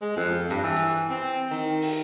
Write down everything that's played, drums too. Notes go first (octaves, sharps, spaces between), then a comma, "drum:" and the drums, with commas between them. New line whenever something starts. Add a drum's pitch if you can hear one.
G#3
F2
G2, drum: hi-hat
E3
drum: hi-hat
C4
D#3
drum: open hi-hat